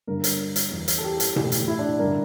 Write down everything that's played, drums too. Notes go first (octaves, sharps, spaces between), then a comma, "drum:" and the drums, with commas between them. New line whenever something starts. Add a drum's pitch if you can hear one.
G2 D3 A#4
drum: hi-hat
drum: hi-hat
E2 E3
drum: hi-hat
A4
G4
drum: hi-hat
A2 E3, drum: tom B2
drum: hi-hat
E4
D4
G2 D3 A#4